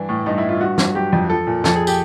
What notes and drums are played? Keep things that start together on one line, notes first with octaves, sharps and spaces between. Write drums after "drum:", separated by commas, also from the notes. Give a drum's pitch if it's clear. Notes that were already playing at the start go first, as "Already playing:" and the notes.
Already playing: G2 E3 D4
A2
G2 D#4
E4
G2
F4
G2 F#4
G2, drum: snare
F#3 G4
F2
F3 A4
A#2
F2 A4, drum: snare
G#4
G4, drum: tambourine